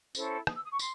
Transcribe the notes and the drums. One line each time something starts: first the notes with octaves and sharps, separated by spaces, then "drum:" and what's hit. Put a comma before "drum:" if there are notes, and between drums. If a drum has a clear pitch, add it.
C#4 E4 A4 C5, drum: tambourine
D#6, drum: rim click
E6
D#6
C#6
C6, drum: tambourine